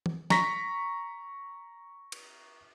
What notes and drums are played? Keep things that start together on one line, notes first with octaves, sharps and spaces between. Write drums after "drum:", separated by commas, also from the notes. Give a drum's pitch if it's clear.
drum: tom E3
A#5 C#6 A#6 B6, drum: snare
drum: cymbal